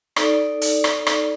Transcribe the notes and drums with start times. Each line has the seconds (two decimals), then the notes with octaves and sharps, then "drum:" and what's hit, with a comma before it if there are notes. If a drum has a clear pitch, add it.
0.16 D#4 A4 D5, drum: rim click
0.61 drum: hi-hat
0.84 drum: rim click
1.07 drum: rim click